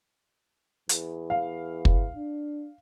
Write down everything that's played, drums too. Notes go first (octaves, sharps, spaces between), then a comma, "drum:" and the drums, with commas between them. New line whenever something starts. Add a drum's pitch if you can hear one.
E2, drum: hi-hat
F5
drum: kick
D4